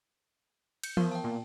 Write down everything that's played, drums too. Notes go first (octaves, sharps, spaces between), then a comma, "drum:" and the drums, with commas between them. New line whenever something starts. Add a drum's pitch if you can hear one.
G6 C#7, drum: cymbal
F3 B3 A#4, drum: tom E3
G5 A5
A#2